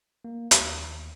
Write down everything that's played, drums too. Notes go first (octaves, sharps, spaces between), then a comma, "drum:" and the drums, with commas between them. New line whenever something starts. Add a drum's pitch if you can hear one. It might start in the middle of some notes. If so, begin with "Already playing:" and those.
A#3
D#2, drum: hi-hat